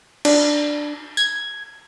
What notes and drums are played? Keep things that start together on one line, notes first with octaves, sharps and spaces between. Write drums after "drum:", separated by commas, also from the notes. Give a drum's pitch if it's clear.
D4, drum: cymbal
G#6, drum: tambourine